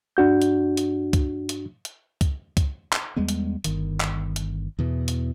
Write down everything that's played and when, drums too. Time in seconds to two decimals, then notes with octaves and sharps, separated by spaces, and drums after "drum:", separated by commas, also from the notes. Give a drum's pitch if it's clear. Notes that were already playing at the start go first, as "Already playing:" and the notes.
0.17 G2 D4 F#4 G6
0.42 drum: hi-hat
0.77 drum: hi-hat
1.13 drum: kick C#2, hi-hat
1.49 drum: hi-hat
1.85 drum: hi-hat
2.21 drum: kick C#2, hi-hat
2.57 drum: kick C#2, hi-hat
2.93 drum: clap
3.16 E2 G3 G#3 B3
3.29 drum: hi-hat
3.64 G1 D#3, drum: hi-hat
4.00 drum: clap
4.36 drum: hi-hat
4.79 E2 B2 E3
5.08 drum: hi-hat